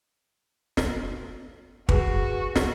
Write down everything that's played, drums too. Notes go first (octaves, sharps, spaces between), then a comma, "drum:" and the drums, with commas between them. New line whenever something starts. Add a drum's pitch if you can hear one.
drum: snare
F#4 G#4 B4, drum: kick
drum: snare